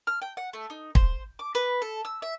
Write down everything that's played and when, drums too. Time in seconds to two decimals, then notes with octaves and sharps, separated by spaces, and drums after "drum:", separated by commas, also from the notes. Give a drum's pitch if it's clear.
0.07 F6
0.22 G5
0.37 F#5
0.53 A3
0.70 D#4
0.95 C5, drum: kick
1.39 D6
1.55 B4
1.82 A4
2.05 E6
2.22 E5